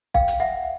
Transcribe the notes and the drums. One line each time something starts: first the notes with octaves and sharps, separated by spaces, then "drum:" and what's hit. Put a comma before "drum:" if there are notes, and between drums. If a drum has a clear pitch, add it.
F5 G5, drum: kick
drum: hi-hat
E5 F#5